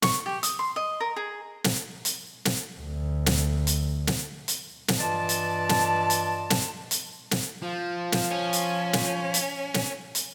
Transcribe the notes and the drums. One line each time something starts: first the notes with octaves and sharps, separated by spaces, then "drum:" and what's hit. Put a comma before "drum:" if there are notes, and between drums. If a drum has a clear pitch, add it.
C#6, drum: snare
G4
D#6, drum: hi-hat
C6
D#5
A#4
G#4
drum: snare
drum: hi-hat
drum: snare
D2
drum: snare
drum: hi-hat
drum: snare
drum: hi-hat
drum: snare
G2 E3 F4 D5 D#5 A5
drum: hi-hat
drum: snare
drum: hi-hat
drum: snare
drum: hi-hat
drum: snare
F3
drum: snare
C#4
drum: hi-hat
drum: snare
drum: hi-hat
drum: snare
drum: hi-hat